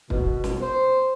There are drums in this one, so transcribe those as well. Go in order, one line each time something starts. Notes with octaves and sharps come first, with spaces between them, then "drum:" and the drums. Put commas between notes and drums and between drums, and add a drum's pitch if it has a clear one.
B2, drum: kick
drum: snare
C5